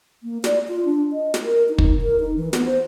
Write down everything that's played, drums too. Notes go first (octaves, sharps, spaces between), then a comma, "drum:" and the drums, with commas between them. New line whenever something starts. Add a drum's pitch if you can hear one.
A#3
D5, drum: snare
F4
D4
D#5
drum: snare
A#4
D#4
drum: kick
A#4
D#4
E3
B3, drum: snare
C5